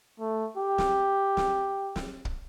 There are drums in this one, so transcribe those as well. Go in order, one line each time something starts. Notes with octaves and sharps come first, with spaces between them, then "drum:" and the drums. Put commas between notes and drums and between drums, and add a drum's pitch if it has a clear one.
A3
G4
drum: snare
drum: snare
drum: snare
drum: kick